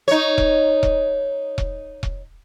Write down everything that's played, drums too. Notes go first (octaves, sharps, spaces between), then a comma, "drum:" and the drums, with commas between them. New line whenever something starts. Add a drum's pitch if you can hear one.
D#4 C#5
drum: kick E1
drum: kick E1
drum: kick E1
drum: kick E1